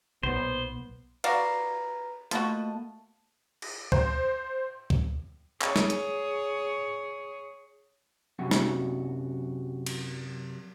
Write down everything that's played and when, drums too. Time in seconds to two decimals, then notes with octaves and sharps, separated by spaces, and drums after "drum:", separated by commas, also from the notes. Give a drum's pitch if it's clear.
0.23 B1 A#2 B3 C5
1.24 F#4 B4 D5 F5 A#5 A#6, drum: cymbal
2.31 A3 A#3 F4 F#4 A5, drum: hi-hat
3.62 drum: cymbal
3.92 C5, drum: kick
4.90 drum: kick
5.62 G#4 C#5, drum: clap
5.76 drum: snare
5.90 drum: hi-hat
8.39 F#2 C3 F#4
8.51 drum: snare
9.86 drum: cymbal